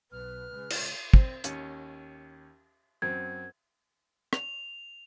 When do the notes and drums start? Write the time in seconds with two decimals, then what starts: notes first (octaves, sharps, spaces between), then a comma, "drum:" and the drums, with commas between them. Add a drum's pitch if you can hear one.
0.12 B1 B2 B4 F6
0.52 C#3 G#3
0.70 drum: cymbal
1.14 C4, drum: kick
1.44 D#2 C#4, drum: hi-hat
3.02 F#2 C4 G#6
4.33 F7, drum: rim click